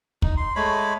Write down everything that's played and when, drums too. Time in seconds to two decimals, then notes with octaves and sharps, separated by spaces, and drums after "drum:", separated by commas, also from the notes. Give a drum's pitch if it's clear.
0.22 D#4, drum: kick
0.37 C6
0.56 G#3 A3 C#5 B5